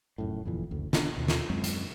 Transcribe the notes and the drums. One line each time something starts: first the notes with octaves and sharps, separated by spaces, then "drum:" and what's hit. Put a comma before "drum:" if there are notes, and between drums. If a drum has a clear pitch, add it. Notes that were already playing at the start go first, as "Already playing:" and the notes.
F1 F#2 A2
G1 F2 A#2 E3
F#1 D2
D1 B3 D4, drum: snare
D#2 B2
drum: snare
F#2 F#3 G#3 C4
drum: hi-hat